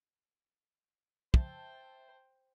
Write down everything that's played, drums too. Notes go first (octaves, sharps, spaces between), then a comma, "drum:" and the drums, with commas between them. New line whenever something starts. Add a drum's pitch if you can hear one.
C5 E5 G5 A5, drum: kick